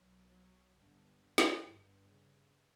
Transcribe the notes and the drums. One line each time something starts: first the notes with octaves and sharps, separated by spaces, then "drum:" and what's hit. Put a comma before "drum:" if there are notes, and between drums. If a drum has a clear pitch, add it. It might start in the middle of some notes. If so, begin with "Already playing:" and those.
Already playing: B1 A#2 F#3
F#3
G1 G2 D3
D3
drum: snare
G1 G2
C#3